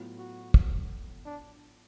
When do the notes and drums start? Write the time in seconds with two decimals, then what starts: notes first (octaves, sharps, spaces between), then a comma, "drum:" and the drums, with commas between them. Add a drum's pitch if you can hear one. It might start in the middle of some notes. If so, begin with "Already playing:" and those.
Already playing: A2 F#3 B3 F4
0.18 F#4
0.54 drum: kick
1.26 D4